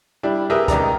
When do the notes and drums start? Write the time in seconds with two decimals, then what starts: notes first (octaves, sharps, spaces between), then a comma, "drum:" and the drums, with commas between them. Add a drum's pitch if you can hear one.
0.23 G3 D4 E4
0.50 G4 G#4 A#4 B4 E5
0.68 C#2 D#3 D5 A#5, drum: kick C#2, hi-hat